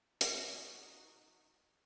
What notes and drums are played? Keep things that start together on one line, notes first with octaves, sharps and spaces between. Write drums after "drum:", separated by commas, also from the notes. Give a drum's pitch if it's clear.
D#4 F#4, drum: hi-hat